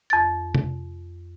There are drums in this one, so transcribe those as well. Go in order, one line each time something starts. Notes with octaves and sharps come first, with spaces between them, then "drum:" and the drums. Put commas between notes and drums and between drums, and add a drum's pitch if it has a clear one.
F2 A6
drum: tom